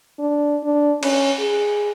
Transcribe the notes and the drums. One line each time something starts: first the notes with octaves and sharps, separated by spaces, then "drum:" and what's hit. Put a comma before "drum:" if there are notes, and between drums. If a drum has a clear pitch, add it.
D4
D4
C#4, drum: cymbal
G#4